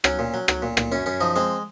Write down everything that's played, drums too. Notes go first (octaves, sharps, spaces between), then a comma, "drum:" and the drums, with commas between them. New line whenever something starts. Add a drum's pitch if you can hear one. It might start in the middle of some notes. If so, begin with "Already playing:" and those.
F#3 C#4, drum: rim click
A#2
F#3
F#3, drum: rim click
A#2
A#2, drum: rim click
F#2 C#4
F#2 C#4
F3 D#4
G#3 C4